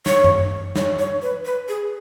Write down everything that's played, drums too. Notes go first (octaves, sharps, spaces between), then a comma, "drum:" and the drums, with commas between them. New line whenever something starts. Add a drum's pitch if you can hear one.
C#5, drum: snare
drum: tom F#2
C#5, drum: snare
C#5
B4
B4
G#4